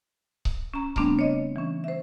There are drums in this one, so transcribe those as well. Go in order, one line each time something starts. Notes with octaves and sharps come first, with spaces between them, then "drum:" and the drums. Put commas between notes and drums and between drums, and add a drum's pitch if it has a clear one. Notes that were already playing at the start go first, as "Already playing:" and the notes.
drum: kick C#1
C#4 A#5
C#3 G3 A3 B3 C4 D4, drum: kick C#1
C#5 D#5
E3 C#4
C5 E5